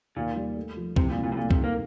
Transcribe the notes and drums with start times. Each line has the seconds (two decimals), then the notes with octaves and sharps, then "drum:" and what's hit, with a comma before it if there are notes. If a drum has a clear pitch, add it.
0.16 D#2 A#2
0.36 G3
0.56 A3
0.77 F3
0.96 C2 C3, drum: kick C2
1.10 A#2
1.16 C2
1.24 A#2
1.32 A2
1.37 A#2 A3
1.50 C3, drum: kick C2
1.58 D#3
1.64 A#3